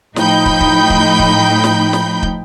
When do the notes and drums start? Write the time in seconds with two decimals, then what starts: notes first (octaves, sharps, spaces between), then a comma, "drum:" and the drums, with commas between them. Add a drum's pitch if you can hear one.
0.16 A2 F3 D#4 G5 B5 G6, drum: snare
0.46 drum: kick
0.61 drum: kick
0.90 drum: kick
1.19 drum: kick
1.64 drum: snare
1.93 drum: snare
2.23 drum: kick